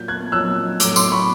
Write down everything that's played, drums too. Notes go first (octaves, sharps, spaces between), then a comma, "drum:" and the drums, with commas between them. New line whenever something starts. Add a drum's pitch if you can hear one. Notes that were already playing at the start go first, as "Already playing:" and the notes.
Already playing: A#2 F#3 G6
F#6 G#6
A#2 F#3 E6 F#6
A2 F#3 D6 E6, drum: hi-hat
C6 D6, drum: tambourine
B5 C#6